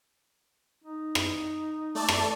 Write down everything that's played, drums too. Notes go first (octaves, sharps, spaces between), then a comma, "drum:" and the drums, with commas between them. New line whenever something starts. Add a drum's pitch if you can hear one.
D#4
drum: rim click
A3 D5 A5
drum: rim click